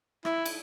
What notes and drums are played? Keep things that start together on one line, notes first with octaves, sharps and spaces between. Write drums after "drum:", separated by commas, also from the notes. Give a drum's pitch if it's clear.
E4, drum: rim click
drum: cymbal